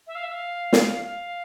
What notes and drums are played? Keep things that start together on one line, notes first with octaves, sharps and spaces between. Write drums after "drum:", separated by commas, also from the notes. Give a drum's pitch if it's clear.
E5
F5
E5
F5
drum: snare
F5